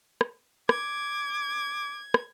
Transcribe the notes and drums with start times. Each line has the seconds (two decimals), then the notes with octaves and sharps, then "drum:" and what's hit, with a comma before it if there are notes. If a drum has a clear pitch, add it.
0.21 drum: rim click
0.69 D6 G#6, drum: rim click
2.14 drum: rim click